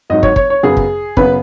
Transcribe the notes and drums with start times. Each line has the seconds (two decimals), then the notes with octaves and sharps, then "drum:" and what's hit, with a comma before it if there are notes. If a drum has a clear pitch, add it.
0.10 G#1 G#2 F#3 D#5
0.23 C#5, drum: kick
0.36 C#5, drum: kick
0.50 C#5
0.63 F#2 C#3 B3 G#4
0.77 drum: kick
1.17 F#2 C#3 B3 B4, drum: kick